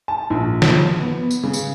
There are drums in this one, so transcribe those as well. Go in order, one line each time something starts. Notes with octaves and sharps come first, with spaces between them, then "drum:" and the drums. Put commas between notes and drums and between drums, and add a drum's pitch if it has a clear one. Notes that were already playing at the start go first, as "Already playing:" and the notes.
A5
A#1
F3, drum: snare
B3
drum: tambourine
C#3
drum: tambourine